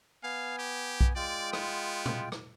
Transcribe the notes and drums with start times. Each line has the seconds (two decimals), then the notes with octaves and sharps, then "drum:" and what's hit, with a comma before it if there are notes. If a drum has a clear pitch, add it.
0.23 B3 F5 G#5
0.59 G4
1.01 drum: kick B1
1.16 G#3 F4 D5 G5
1.53 B3, drum: rim click
2.06 drum: tom A#2
2.32 drum: rim click